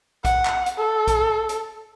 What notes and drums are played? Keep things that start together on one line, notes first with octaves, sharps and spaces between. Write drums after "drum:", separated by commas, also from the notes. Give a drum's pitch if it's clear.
F#5, drum: kick, hi-hat
drum: clap
drum: hi-hat
A4
drum: kick, hi-hat
drum: hi-hat